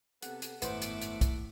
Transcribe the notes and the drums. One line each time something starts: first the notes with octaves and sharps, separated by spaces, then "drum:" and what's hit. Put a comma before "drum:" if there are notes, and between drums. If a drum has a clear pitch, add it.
C3 B3 A4 F#5, drum: hi-hat
drum: hi-hat
G#1 F#2 A2 B3 C5 E5 F#5 D6, drum: hi-hat
drum: hi-hat
drum: hi-hat
drum: kick, hi-hat